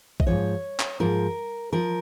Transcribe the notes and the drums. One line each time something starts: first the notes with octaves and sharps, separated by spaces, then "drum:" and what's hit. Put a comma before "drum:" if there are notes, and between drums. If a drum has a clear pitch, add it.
D#5, drum: kick A#1
G#2 F3 C#5
drum: clap
G#2 F3 A#4
F3 A#4